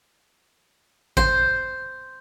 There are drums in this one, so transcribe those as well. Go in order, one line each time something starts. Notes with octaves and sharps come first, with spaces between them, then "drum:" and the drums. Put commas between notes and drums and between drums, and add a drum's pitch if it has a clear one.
C5, drum: kick A1